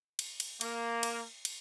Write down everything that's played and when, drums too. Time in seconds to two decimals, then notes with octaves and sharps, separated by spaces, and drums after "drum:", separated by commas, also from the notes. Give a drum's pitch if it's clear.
0.19 drum: cymbal
0.40 drum: cymbal
0.61 A#3, drum: cymbal
1.03 drum: cymbal
1.45 drum: cymbal